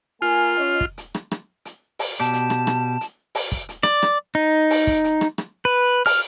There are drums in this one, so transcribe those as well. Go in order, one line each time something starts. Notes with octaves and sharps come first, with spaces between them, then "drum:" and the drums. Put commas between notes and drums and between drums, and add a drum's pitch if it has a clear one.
A#3 F4 A#4 G#5
C#4 D#5
drum: kick
drum: hi-hat
drum: rim click
drum: rim click
drum: hi-hat
drum: open hi-hat
B2 G4 D5 A5
drum: hi-hat
drum: rim click
drum: rim click
drum: hi-hat
drum: open hi-hat
drum: kick
drum: hi-hat
D5, drum: rim click
drum: rim click
D#4
drum: open hi-hat
drum: kick
drum: hi-hat
drum: rim click
drum: rim click
B4
F6, drum: open hi-hat